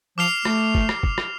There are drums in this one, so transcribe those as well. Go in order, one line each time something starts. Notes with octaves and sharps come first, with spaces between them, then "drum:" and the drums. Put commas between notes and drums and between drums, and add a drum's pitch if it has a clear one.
F3 D6 F6 C7 F7
A3, drum: rim click
drum: kick
drum: rim click
drum: kick
drum: rim click